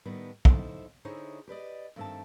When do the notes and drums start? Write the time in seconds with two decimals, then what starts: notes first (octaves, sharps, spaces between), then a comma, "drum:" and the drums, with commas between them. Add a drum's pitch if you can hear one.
0.06 A2 D#3 G3 B3
0.45 F#3 D#4 E4 A4 C5, drum: kick
1.05 D3 D#4 E4 G#4 C5 C#5
1.48 G4 B4 D5 D#5
1.96 G2 D#3 A3 C4 G5 A5